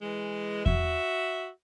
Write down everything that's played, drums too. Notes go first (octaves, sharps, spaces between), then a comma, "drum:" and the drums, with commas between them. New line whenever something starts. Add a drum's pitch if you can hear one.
E3 G#3
F#4 E5, drum: kick E2